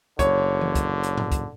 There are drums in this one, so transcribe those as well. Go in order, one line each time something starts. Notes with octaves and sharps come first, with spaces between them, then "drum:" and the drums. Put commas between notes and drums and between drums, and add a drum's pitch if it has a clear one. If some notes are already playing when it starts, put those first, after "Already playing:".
F#1 D3 C#5, drum: kick, hi-hat
drum: tom E3
drum: kick, hi-hat
drum: hi-hat
drum: tom G#2
drum: kick, hi-hat